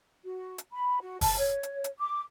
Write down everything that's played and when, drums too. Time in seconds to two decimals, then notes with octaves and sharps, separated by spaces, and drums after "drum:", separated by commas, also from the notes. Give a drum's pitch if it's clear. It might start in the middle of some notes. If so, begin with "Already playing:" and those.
0.24 F#4
0.58 drum: hi-hat
0.71 B5
1.00 F#4
1.21 A5, drum: kick F#1, open hi-hat
1.37 C#5
1.63 drum: hi-hat
1.84 drum: hi-hat
1.98 D6